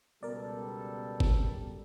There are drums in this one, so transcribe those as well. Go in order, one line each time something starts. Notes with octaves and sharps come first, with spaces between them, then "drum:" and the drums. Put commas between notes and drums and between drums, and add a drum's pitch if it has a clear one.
C#2 B2 G3 A4 A#4 D5
drum: kick